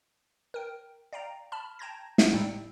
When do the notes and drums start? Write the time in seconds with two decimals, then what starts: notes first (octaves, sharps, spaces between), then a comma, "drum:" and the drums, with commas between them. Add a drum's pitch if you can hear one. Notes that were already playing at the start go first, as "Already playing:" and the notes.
0.54 A#4 G5
1.13 D5 F5 G5 A#5
1.52 A5 B5 F6
1.79 G5 A5 A#5 G6 G#6 A#6
2.18 drum: snare
2.34 A2 G3 D#4 G5 E6 C#7